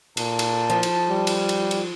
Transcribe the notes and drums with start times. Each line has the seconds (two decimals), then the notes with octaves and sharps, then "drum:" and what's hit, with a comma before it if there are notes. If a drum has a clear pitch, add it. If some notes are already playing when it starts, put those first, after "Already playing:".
0.17 A#2 A5, drum: cymbal
0.39 drum: cymbal
0.70 F3
0.83 drum: cymbal
1.10 G3
1.27 drum: cymbal
1.49 drum: cymbal
1.71 drum: cymbal